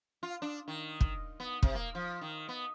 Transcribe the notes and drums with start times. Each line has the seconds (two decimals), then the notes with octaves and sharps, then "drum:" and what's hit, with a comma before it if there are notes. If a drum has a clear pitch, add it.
0.23 F4
0.42 D4
0.68 D#3
1.01 drum: kick
1.40 B3
1.63 C3, drum: kick
1.75 A#3
1.95 F3
2.21 D#3
2.49 B3